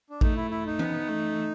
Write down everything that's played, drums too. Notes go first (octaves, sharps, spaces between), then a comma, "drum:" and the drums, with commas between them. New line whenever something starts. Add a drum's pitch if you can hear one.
D4
A3 D#4, drum: kick A1
E4
E4
D#4
B3, drum: tom E3
A3